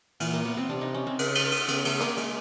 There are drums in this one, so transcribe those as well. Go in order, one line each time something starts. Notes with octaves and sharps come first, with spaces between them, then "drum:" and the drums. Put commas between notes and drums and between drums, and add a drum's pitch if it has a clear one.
A#2 E3, drum: cymbal
A#3
B3
C4
C3 D4
D#4
C#4
C4
C#3, drum: cymbal
drum: cymbal
drum: cymbal
C#3 B3, drum: cymbal
A3, drum: cymbal
A#3, drum: rim click
G#3, drum: cymbal